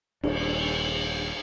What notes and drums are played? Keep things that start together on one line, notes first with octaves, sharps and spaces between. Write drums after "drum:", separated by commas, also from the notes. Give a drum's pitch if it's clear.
D#1 D4, drum: cymbal